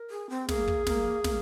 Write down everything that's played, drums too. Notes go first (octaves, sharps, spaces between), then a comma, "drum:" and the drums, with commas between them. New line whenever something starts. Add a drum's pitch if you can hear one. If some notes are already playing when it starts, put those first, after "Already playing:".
Already playing: A#4
G#4
C4
A#3 G#4, drum: snare
drum: kick
A#3, drum: snare
A#3, drum: snare